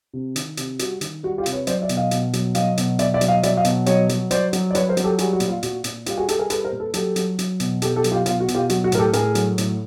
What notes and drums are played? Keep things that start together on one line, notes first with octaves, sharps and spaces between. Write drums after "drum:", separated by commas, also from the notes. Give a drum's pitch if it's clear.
C3
D#3, drum: hi-hat
C3, drum: hi-hat
G3 F#4, drum: hi-hat
D#3, drum: hi-hat
G3 F#4
F4 G4
C3, drum: hi-hat
B4 C#5
F#3 C5 D5, drum: hi-hat
D5 E5
B2, drum: hi-hat
D#5 F5
B2, drum: hi-hat
F#3, drum: hi-hat
F#3 D#5 F5, drum: hi-hat
B2, drum: hi-hat
B2 D5 E5, drum: hi-hat
D5 E5
F#3, drum: hi-hat
D#5 F5
F#3 D5 E5, drum: hi-hat
D#5 F5
B2, drum: hi-hat
F#3 C#5 D#5, drum: hi-hat
F#3, drum: hi-hat
F#3 C5 D5, drum: hi-hat
F#3, drum: hi-hat
D5
F#3 B4 C#5, drum: hi-hat
A#4 C5
F#3, drum: hi-hat
G4 A4
G3 F#4 G#4, drum: hi-hat
F#4
A#2, drum: hi-hat
F4
A#2 F#4, drum: hi-hat
A#2, drum: hi-hat
G3 F4 G4, drum: hi-hat
F#4 G#4
G3 G4 A4, drum: hi-hat
G#4 A#4
G3 A4 B4, drum: hi-hat
A#4 C5
A#2
A4 B4
F#3 G4 A4, drum: hi-hat
F#3, drum: hi-hat
F#3, drum: hi-hat
B2, drum: hi-hat
B2 G4 A4, drum: hi-hat
G4 A4
F#3, drum: hi-hat
F4 G4
B2 F4, drum: hi-hat
F#4
B2, drum: hi-hat
F4 G4
F#3 F#4, drum: hi-hat
F#4
A2 A#4, drum: hi-hat
G4 A4
A2 G#4 A#4, drum: hi-hat
F#3, drum: hi-hat
A2, drum: hi-hat